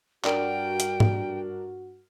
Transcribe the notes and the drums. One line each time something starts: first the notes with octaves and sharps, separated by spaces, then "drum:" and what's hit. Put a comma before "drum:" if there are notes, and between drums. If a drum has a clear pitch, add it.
G2 D4 F#4 A#4 G5, drum: clap
drum: hi-hat
drum: tom G#2